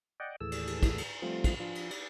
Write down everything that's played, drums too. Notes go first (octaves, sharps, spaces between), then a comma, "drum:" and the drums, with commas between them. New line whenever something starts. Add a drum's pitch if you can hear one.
D5 D#5 F#5 G5
D#2 A2 E3 G#4 A4 E6
drum: cymbal
drum: cymbal
drum: kick, cymbal
drum: cymbal
F3 G3 A3 C4 F4
drum: kick, cymbal
F3 D4 F4
drum: cymbal
drum: cymbal